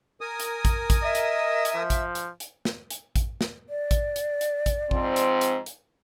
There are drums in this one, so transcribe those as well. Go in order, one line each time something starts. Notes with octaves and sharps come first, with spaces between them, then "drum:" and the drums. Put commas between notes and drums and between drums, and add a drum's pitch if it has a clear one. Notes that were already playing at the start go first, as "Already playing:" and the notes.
A#4 G#5 D#6
drum: hi-hat
drum: kick A1, hi-hat
drum: kick A1, hi-hat
D#5 E5
drum: hi-hat
drum: hi-hat
F3
drum: kick A1, hi-hat
drum: hi-hat
drum: hi-hat
drum: snare
drum: hi-hat
drum: kick A1, hi-hat
drum: snare
D5
drum: kick A1, hi-hat
drum: hi-hat
drum: hi-hat
drum: kick A1, hi-hat
G#2 F3 C4, drum: kick A1
drum: hi-hat
drum: hi-hat
drum: hi-hat